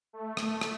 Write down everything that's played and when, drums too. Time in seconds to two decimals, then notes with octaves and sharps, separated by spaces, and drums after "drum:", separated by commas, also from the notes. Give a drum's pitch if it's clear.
0.13 A3
0.37 drum: rim click
0.61 drum: rim click